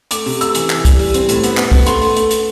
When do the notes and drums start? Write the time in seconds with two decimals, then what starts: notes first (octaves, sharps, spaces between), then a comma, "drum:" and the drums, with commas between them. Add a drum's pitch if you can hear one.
0.11 A3 D6, drum: hi-hat
0.26 C3, drum: open hi-hat
0.41 A3 E6, drum: hi-hat
0.55 E3, drum: hi-hat
0.70 E3, drum: clap
0.85 G3, drum: kick, hi-hat
0.99 G3, drum: open hi-hat
1.14 C4, drum: hi-hat
1.29 A2, drum: hi-hat
1.43 B3, drum: hi-hat
1.57 B3, drum: clap
1.72 B3, drum: kick, open hi-hat
1.86 A3 C6, drum: hi-hat
2.01 A3, drum: open hi-hat
2.16 A3, drum: hi-hat
2.31 drum: hi-hat